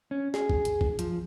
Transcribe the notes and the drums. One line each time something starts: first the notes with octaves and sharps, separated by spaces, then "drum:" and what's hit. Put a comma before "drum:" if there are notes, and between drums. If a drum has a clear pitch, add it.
C#4
G#4, drum: snare
drum: kick
drum: hi-hat
drum: kick
F3, drum: hi-hat